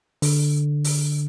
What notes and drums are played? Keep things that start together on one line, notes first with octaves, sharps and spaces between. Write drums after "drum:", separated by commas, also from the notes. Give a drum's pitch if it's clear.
D3, drum: open hi-hat
drum: open hi-hat